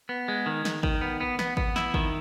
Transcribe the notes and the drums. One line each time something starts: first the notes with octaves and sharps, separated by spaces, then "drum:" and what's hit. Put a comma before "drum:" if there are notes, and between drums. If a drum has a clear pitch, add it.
B3
G#3
D#3
D#3, drum: snare
D#3, drum: kick G#1
B3
B3
B3, drum: snare
B3, drum: kick G#1
E4, drum: snare
D#3, drum: kick G#1